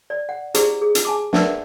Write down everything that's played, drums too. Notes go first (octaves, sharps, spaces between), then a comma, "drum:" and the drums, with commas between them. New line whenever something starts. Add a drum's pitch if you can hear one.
D5
F#5
E4 G4 G#4 C5 D5, drum: hi-hat
G#4
drum: hi-hat
G#5 A5 D6
A#4 B4 D5 E5 F#5 A5, drum: snare